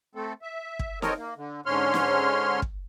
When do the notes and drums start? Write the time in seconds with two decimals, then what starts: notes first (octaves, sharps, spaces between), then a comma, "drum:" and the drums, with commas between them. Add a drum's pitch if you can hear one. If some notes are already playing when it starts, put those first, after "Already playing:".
0.15 A3 C4 A4
0.42 E5
0.79 drum: kick
1.02 C4 A4 A#4 C#5 D#5, drum: snare
1.18 A#3
1.37 D3
1.66 G#2 D3 C#4 C#5 C6 F6
1.94 drum: snare
2.62 drum: kick